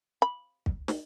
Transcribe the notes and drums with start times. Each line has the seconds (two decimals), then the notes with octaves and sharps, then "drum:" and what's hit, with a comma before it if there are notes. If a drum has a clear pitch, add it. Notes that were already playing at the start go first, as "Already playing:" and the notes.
0.22 B5
0.66 drum: kick
0.88 drum: snare